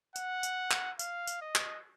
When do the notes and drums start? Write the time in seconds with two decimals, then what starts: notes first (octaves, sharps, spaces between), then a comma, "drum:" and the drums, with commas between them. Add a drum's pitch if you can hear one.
0.16 F#5, drum: tambourine
0.43 drum: tambourine
0.71 drum: clap
0.99 F5, drum: tambourine
1.27 drum: tambourine
1.42 D#5
1.56 drum: clap